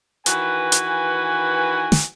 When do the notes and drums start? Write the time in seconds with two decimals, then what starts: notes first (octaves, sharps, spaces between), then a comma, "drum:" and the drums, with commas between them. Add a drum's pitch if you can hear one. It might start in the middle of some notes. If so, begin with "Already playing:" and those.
0.26 D#3 E3 F#4 B4 G#5, drum: hi-hat
0.72 drum: hi-hat
1.92 drum: snare